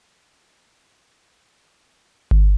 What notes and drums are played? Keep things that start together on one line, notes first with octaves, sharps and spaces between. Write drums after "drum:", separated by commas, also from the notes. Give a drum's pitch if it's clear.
G4 C5 E5
A#3
D#4 G#4
D4
F4 A#4
D4
G4 A#4 D5
F#3
B3 D4
D#4
G4 B4
A3
C4 E4, drum: kick G1